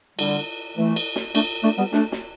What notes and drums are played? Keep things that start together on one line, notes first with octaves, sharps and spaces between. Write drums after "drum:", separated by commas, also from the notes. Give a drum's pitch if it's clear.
D3 G3, drum: cymbal
E3 A3
drum: cymbal
drum: snare
A3 D4, drum: cymbal
A3 D4
G3 B3
A3 D4, drum: snare
drum: snare